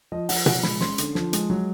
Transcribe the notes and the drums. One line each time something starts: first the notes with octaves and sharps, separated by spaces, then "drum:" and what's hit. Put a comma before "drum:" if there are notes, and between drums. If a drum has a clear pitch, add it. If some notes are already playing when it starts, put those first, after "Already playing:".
F3 D#5
F3 F#5, drum: open hi-hat
F3 F#5, drum: tom B2
G#3 B5, drum: snare
C#4 C6, drum: snare
D3, drum: hi-hat
F3, drum: snare
G#3, drum: hi-hat
F#3